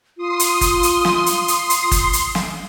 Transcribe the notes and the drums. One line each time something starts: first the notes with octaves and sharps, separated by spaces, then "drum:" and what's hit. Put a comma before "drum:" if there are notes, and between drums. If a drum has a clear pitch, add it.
F4 C6 D#6
drum: hi-hat
drum: kick, hi-hat
drum: hi-hat
drum: snare
drum: hi-hat
drum: hi-hat
drum: hi-hat
drum: kick, hi-hat
drum: hi-hat
drum: snare